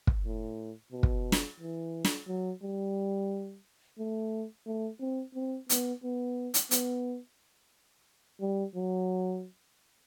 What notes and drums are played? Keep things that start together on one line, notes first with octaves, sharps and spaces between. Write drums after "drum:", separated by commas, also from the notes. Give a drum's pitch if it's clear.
drum: kick
A2
B2
drum: kick
drum: snare
E3
drum: snare
F#3
G3
A3
A3
C4
C4
B3, drum: hi-hat
B3
drum: hi-hat
B3, drum: hi-hat
G3
F#3